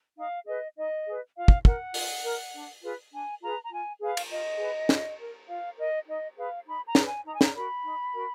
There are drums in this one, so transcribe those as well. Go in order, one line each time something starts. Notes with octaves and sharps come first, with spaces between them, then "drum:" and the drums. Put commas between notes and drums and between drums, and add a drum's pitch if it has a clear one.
D#4 F5
G#4 B4 D#5
D#4 D#5
G#4 B4
F4 F5
drum: kick
A#4 F#5, drum: kick
F4, drum: open hi-hat
A#4
D4
F4 G#4 B4
D4 G#5
F4 G#4 B4 A#5
A#5
F4 G#5
G#4 B4 F5
drum: cymbal
F4 D#5
G#4 B4
F4, drum: snare
A#4
F4 F5
A#4 D#5
D#4 D#5
G#4 B4 F5
D#4 B5
A#5
G#4 B4, drum: snare
G#5
D#4 A#5
G#5
A#5, drum: snare
F#4 A#4 B5
D#4
F#4 A#4